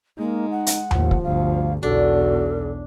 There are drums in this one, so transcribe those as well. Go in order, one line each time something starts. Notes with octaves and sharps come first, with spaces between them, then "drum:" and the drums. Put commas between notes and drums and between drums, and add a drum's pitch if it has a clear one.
G#3 A#3 D#4
F#5
drum: hi-hat
A1 D#2 F3, drum: tom D#2
drum: kick
G1 D2 F5
B1 E2 D4 F#4 A4